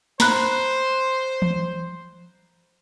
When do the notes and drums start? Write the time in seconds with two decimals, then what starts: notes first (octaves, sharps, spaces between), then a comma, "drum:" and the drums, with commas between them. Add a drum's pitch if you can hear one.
0.20 C5 A#5 B5 F#6, drum: snare
1.42 drum: tom E3